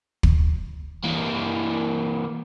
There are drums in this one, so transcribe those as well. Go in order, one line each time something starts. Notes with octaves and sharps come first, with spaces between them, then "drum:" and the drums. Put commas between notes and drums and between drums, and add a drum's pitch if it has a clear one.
drum: kick
E3 A#3